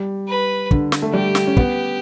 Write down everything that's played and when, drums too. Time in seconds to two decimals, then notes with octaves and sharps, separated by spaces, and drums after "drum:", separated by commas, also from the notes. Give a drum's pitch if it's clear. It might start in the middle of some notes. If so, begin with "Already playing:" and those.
Already playing: G3
0.28 B4
0.71 D3, drum: kick
0.92 drum: snare
1.02 A3
1.13 G3 G4
1.35 drum: snare
1.47 C#4
1.57 B3, drum: kick